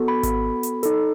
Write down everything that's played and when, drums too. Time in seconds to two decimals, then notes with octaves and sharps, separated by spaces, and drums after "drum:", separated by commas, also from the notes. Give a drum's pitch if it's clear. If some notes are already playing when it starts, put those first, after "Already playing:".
Already playing: B3 F#4 A4
0.08 B5
0.23 drum: kick G#1, hi-hat
0.63 drum: hi-hat
0.83 D#4 A4, drum: hi-hat